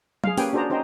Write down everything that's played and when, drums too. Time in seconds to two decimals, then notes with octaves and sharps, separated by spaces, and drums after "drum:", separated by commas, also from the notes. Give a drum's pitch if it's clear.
0.24 G#4 F5, drum: tom F#3
0.37 A#3 C#4 G4 B4 G5 G#5, drum: open hi-hat
0.53 D4 F#4 G#4 C5 D5 A#5
0.70 C#4 D#4 C5 D#5 G5 A#5